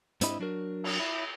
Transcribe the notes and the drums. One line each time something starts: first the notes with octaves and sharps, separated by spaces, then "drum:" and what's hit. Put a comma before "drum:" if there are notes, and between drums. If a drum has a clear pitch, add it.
G#2 C4 D4 E4 D#5 B5, drum: hi-hat
F#3 D4 F#4 A#4
drum: cymbal
E4